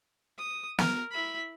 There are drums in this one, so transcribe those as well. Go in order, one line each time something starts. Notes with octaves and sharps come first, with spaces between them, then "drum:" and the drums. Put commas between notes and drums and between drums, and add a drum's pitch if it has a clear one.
D#6
A#4, drum: snare
E4 B5